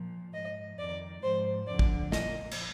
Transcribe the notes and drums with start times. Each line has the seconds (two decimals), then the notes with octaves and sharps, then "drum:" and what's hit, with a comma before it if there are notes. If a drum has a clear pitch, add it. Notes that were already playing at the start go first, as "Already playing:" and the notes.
Already playing: A#2 F3
0.34 G#2 F3 D#5
0.78 F2 D#3 D5
1.23 G#2 F3 C5
1.68 F2 D3 F3 D5
1.79 drum: kick
2.12 A#2 F3 D#5, drum: snare
2.51 drum: cymbal